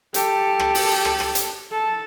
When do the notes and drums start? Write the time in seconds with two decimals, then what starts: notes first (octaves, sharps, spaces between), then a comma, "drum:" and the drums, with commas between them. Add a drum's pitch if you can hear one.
0.14 G4 A4, drum: hi-hat
0.60 drum: rim click
0.75 drum: open hi-hat
1.05 drum: rim click
1.20 drum: rim click
1.35 drum: hi-hat
1.72 A4